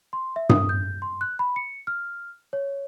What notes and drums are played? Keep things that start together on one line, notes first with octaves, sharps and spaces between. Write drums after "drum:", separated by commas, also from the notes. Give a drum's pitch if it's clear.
C6
E5
D#6, drum: tom G2
G6
C6
F#6
B5
C#7
F6
C#5